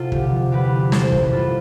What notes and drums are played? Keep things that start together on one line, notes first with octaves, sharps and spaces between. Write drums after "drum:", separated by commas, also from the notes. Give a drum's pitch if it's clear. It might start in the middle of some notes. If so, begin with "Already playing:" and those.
Already playing: C3 C4 F4 A4
D3 G4, drum: kick
F3
E2 G4 B4
E2
E3 A4 C5, drum: snare
G3, drum: kick
B4
G2 F4 A4